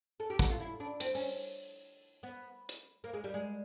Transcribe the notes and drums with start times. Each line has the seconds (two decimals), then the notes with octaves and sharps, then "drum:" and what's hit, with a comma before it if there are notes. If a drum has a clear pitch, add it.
0.20 A4
0.30 G4
0.39 F#4, drum: kick
0.50 F4
0.60 E4
0.80 D4
1.00 C4, drum: hi-hat
1.15 C#4, drum: open hi-hat
2.23 B3
2.69 drum: hi-hat
3.04 A#3
3.14 G#3
3.24 G3
3.34 G#3